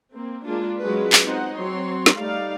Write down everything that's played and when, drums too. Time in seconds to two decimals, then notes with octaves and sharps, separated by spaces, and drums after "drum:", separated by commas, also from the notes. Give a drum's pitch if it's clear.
0.14 A#3 C4
0.45 G#3 A#3 D4 F4
0.80 F#3 G#3 C#4 F4 F#4 B4
1.13 drum: clap
1.24 C4 D#4 C5 D#5 F#5
1.57 F#3 C4 C#5 C6
2.06 drum: snare
2.16 G3 A3 D#4 D5 F5